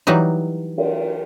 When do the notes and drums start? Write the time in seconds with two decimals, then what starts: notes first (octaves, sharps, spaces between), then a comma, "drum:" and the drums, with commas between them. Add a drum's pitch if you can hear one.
0.07 E3 F#3 G3 D#4
0.78 drum: cymbal